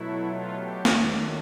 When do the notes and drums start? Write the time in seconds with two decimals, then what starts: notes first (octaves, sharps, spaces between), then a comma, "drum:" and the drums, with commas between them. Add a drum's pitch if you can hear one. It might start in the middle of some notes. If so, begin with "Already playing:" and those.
Already playing: B2 F#3 A3 E4
0.25 F4
0.56 G4
0.85 D#2 D#3 F#3 A3, drum: snare